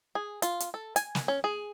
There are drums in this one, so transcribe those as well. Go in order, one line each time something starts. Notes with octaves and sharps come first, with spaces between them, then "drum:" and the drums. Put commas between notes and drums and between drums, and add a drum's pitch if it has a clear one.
G#4
F4, drum: hi-hat
drum: hi-hat
A4
G#5, drum: hi-hat
drum: snare
C#4
G#4